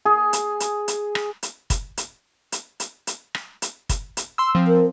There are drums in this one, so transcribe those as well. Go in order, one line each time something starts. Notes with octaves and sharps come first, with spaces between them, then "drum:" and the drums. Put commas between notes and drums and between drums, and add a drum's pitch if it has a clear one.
G#4
drum: hi-hat
drum: hi-hat
drum: hi-hat
drum: rim click
drum: hi-hat
drum: kick, hi-hat
drum: hi-hat
drum: hi-hat
drum: hi-hat
drum: hi-hat
drum: rim click
drum: hi-hat
drum: kick, hi-hat
drum: hi-hat
C6 E6
F3 C4
A#4